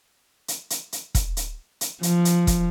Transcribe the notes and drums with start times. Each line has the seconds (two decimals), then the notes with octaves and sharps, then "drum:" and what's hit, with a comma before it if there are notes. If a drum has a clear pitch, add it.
0.48 drum: hi-hat
0.70 drum: hi-hat
0.92 drum: hi-hat
1.15 drum: kick E1, hi-hat
1.37 drum: hi-hat
1.81 drum: hi-hat
2.03 F3, drum: hi-hat
2.25 drum: hi-hat
2.47 drum: kick E1, hi-hat